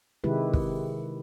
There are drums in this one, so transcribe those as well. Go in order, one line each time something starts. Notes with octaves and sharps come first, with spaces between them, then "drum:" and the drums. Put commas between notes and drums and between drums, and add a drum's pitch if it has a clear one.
C3 D#3 G#3 E4 G4 B4
drum: kick